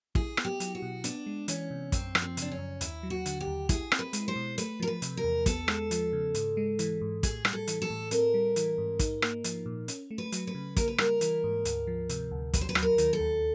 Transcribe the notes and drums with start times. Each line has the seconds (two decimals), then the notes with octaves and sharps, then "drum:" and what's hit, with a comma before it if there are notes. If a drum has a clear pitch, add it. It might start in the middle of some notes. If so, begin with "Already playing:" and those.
0.15 E4 G#4, drum: kick
0.37 B3, drum: rim click
0.45 G4
0.60 F#3, drum: hi-hat
0.75 F#4
0.82 B2
1.04 B3 D4, drum: hi-hat
1.26 G#3
1.48 E3 C#4, drum: hi-hat
1.71 C3
1.92 F#2 C4, drum: kick, hi-hat
2.15 F3, drum: rim click
2.22 C4
2.37 C#3 D4, drum: hi-hat
2.52 C#4
2.58 F#2
2.81 D#2 E4, drum: hi-hat
3.03 F#3
3.10 F#4
3.26 D3, drum: hi-hat
3.41 G4
3.47 D#2
3.69 E4 G#4, drum: kick, hi-hat
3.92 C4, drum: rim click
3.99 B4
4.13 G#3, drum: hi-hat
4.28 C5
4.36 B2
4.58 A3 B4, drum: hi-hat
4.80 F3 A#4
4.87 B4
5.02 C3, drum: hi-hat
5.17 A#4
5.24 E2
5.46 B3 A4, drum: kick, hi-hat
5.68 G#3, drum: rim click
5.91 F3, drum: hi-hat
6.13 C#3
6.34 G#2, drum: hi-hat
6.57 G#3
6.79 E3, drum: hi-hat
7.01 G#2
7.23 A2 G#4, drum: kick, hi-hat
7.45 G3, drum: rim click
7.53 A4
7.67 E3, drum: hi-hat
7.82 A4
7.90 A2
8.11 C4 A#4, drum: hi-hat
8.34 G3
8.56 E3, drum: hi-hat
8.78 G#2
8.99 D#4, drum: kick, hi-hat
9.22 A#3, drum: rim click
9.44 F3, drum: hi-hat
9.66 A#2
9.88 C#4, drum: hi-hat
10.11 A3
10.18 B4
10.32 F#3, drum: hi-hat
10.47 B4
10.55 C#3
10.77 A#3 A#4, drum: kick, hi-hat
10.88 B4
10.98 G3 A#4, drum: rim click
11.21 E3, drum: hi-hat
11.44 G#2
11.65 D2, drum: hi-hat
11.87 F3
12.09 C3, drum: hi-hat
12.31 D2
12.54 D#2 B4, drum: kick, hi-hat
12.61 C5
12.69 B4
12.75 F#3, drum: rim click
12.83 A#4
12.98 D#3, drum: hi-hat
13.13 A4
13.20 D#2